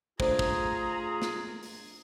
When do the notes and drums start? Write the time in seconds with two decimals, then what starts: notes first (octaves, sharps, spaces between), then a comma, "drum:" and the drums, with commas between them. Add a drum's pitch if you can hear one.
0.20 A3 D4 F4 G#4 C5 A#5, drum: kick
0.39 drum: kick
1.22 drum: snare
1.63 drum: open hi-hat